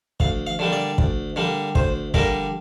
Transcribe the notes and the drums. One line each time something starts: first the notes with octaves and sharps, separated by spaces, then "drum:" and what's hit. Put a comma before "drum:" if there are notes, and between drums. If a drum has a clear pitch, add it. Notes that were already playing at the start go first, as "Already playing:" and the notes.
D2 F5, drum: kick
F5
D3 G3 A#3
D5
D2, drum: kick
D3 G3 A#3
D2 C5, drum: kick
D3 G3 A#3 A#4, drum: kick